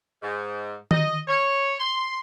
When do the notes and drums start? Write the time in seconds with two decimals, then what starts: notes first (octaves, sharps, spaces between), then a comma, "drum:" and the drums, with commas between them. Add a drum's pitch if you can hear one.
0.22 G#2
0.91 D#5, drum: tom D#3
1.28 C#5
1.79 C6